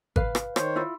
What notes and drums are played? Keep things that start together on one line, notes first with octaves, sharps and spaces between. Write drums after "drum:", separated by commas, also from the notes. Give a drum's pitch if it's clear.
B4 F5, drum: kick G#1
drum: rim click
D#3 C5 C#5, drum: rim click
E4 F4